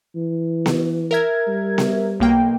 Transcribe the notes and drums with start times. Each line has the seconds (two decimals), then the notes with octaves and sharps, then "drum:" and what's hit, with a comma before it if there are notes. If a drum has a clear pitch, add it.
0.16 E3
0.66 drum: snare B3
1.11 A#4 E5 G#6
1.48 G3
1.78 drum: snare B3
2.20 B1 A#3 G5